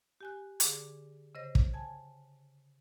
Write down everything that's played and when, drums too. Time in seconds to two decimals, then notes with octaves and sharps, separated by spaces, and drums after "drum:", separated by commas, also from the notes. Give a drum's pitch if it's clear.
0.21 G4 G#5 F#6
0.60 D3 G#4 D6, drum: hi-hat
1.35 C#3 C5 D#5 A#6
1.55 drum: kick
1.73 G#5 A5 G#6